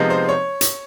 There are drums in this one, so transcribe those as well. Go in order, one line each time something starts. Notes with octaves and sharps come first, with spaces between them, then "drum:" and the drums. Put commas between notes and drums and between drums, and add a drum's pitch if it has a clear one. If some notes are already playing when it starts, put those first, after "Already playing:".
Already playing: C3 F3 G#3 B3 D#4
C5
C#5
drum: hi-hat